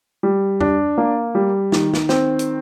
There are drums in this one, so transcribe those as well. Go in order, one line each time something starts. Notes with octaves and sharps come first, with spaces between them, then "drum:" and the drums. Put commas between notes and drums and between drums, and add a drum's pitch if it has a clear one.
G3
D4, drum: tom F2
A#3
G3
D#3, drum: snare
drum: snare
C4, drum: snare
drum: hi-hat